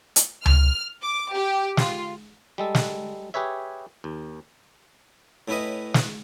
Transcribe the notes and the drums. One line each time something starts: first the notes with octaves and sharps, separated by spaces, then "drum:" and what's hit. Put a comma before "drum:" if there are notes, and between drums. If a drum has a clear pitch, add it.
drum: hi-hat
F6, drum: tom C#2
D6
G4
F4, drum: snare
G3 G#3 A4
drum: snare
G4 G#4 B4 C#5 E5
D#2
A2 C#4 E4 B4 D#5
drum: snare